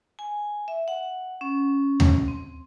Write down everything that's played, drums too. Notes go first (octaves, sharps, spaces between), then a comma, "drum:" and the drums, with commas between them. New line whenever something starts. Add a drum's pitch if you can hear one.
G#5
E5
F#5
C#4
drum: tom D#2
C4